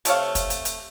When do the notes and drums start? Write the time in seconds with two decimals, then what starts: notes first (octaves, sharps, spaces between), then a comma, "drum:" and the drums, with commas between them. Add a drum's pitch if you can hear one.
0.05 C3 A3 C#5 F5, drum: hi-hat
0.35 drum: kick, hi-hat
0.50 drum: hi-hat
0.65 drum: hi-hat